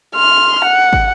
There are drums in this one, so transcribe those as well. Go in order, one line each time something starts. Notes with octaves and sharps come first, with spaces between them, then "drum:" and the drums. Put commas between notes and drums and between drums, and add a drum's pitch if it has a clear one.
C6 F6
F#5
drum: kick